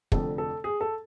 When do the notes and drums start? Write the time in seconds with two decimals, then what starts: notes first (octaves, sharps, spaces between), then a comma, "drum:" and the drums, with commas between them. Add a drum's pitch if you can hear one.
0.12 F1 F2 D3 A4, drum: kick
0.38 A4
0.64 G#4
0.81 A4